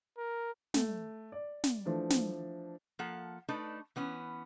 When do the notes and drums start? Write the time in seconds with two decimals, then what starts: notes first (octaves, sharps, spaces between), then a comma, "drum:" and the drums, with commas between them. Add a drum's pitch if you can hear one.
0.18 A#4
0.74 A3, drum: snare
1.32 D5
1.64 drum: snare
1.86 E3 F3 A3 D4
2.10 drum: snare
2.99 F3 A#3 A4 F#5
3.48 A3 D4 D#4 A4 B4
3.96 E3 B3 C#4